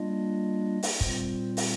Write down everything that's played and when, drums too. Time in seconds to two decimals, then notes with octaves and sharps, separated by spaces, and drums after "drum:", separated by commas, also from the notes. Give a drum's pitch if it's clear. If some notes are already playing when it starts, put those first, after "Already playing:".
Already playing: G3 A#3 D4 F4 D#5
0.83 drum: open hi-hat
1.01 A#2 G3 C4 F4 C5, drum: kick
1.57 drum: open hi-hat